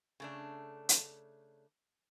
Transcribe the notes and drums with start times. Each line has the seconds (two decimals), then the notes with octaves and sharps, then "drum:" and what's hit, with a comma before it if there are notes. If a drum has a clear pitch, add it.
0.20 C#3 A3 D4
0.89 drum: hi-hat